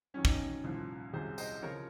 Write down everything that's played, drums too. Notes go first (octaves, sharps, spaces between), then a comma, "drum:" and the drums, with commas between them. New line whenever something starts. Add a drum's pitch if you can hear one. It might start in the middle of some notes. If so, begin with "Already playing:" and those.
F#2 D#3 F#3 C#4
D#4, drum: kick
C#4
C2 A#2 F3
C2 C3 F#3 G#4 C5
C5 D#5, drum: tambourine
C#3 F3 A#4 C#5